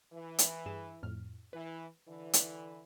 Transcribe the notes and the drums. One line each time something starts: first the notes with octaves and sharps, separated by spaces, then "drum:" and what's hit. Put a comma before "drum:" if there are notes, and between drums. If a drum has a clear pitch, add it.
E3
drum: hi-hat
G2 G#4 E7
F2 A2 F6
E3 B4
D3 E3
drum: hi-hat